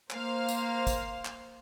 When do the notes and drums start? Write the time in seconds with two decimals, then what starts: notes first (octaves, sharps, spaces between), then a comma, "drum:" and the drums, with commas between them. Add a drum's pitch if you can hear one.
0.10 A#3 C5 F5, drum: clap
0.49 drum: tambourine
0.87 drum: kick, tambourine
1.25 drum: clap